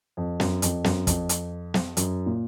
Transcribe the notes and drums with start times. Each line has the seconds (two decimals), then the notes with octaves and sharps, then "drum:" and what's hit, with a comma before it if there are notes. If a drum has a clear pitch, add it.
0.17 F2
0.40 F#2, drum: snare
0.62 F2, drum: hi-hat
0.84 F#2, drum: snare
1.07 F2, drum: kick, hi-hat
1.29 drum: hi-hat
1.74 drum: snare
1.97 F#2, drum: hi-hat
2.26 A#2